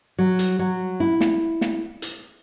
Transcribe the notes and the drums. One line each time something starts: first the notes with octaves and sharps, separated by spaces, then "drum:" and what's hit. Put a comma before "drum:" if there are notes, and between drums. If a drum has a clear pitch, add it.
F#3
drum: hi-hat
F#3
E4
drum: snare
drum: snare
drum: hi-hat